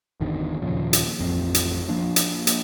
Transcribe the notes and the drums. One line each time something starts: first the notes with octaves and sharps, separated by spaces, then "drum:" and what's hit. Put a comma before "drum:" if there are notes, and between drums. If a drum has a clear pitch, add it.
G#1 E2 D3 D#3
D#2 A#2 C#3 F3
drum: hi-hat
A1 F2 C4
drum: hi-hat
F3 A#3 D4
drum: hi-hat
drum: hi-hat